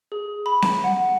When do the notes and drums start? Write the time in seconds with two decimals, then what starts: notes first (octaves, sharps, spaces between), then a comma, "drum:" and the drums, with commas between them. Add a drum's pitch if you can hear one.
0.12 G#4
0.46 B5
0.62 drum: snare C4
0.84 F#5